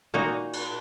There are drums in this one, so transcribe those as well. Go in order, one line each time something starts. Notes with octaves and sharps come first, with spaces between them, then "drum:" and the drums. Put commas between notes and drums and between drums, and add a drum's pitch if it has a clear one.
A#2 A#3 D#4 F#4
drum: cymbal